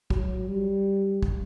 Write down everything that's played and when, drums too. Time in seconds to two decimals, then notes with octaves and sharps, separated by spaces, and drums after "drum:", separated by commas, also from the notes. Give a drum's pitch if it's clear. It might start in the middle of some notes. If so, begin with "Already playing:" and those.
0.10 F#3, drum: kick
0.48 G3
1.23 drum: kick